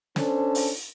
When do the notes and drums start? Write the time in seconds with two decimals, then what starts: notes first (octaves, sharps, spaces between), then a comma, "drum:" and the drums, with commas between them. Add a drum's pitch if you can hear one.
0.16 C#4 D4 A4 C5, drum: snare
0.55 drum: open hi-hat